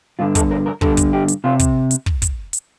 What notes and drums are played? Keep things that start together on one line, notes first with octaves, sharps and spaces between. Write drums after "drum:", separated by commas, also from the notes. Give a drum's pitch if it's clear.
G2 D3 F4
A4, drum: kick, hi-hat
A#4
A#4
G2 D3 A4, drum: kick
drum: kick, hi-hat
G4
drum: hi-hat
C3 F4
drum: kick, hi-hat
drum: hi-hat
drum: kick
drum: kick, hi-hat
drum: hi-hat